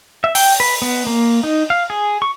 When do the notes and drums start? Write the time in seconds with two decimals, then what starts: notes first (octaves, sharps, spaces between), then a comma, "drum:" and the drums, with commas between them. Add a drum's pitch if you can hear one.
0.24 E5
0.35 G5, drum: open hi-hat
0.60 B4
0.82 B3
1.07 A#3
1.43 D#4
1.70 F5
1.90 G#4
2.22 C#6